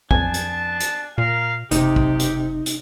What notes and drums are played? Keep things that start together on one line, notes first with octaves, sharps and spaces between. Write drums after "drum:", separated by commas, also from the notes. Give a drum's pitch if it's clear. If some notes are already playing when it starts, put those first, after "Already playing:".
F2 B3 D4 G#5 A5, drum: kick
drum: hi-hat
drum: hi-hat
A#2 A#4 F5
F#1 C3 D#4 G4, drum: hi-hat
drum: kick
drum: hi-hat
drum: hi-hat